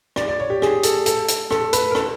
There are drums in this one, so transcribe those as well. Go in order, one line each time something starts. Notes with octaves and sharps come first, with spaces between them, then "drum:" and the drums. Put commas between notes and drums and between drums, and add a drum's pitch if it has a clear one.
D5, drum: rim click
D5
C#5
G4
G#4, drum: rim click
A4, drum: hi-hat
A4, drum: hi-hat
drum: hi-hat
A4, drum: rim click
B4, drum: hi-hat
A#4
A4, drum: rim click